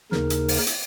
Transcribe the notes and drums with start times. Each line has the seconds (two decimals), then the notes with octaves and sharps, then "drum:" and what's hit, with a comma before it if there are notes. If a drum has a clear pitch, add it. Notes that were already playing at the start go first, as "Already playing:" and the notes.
0.12 D#2 C#3 D#4 A#4, drum: snare
0.30 drum: hi-hat
0.48 drum: open hi-hat
0.67 drum: hi-hat